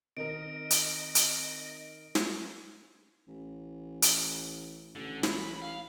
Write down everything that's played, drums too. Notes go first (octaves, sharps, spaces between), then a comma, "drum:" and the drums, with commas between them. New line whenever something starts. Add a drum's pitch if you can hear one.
D#3 C4 D#4 A#4 D#5 D7
drum: hi-hat
drum: hi-hat
drum: snare
A1
drum: hi-hat
A1 D3
B5, drum: snare
F5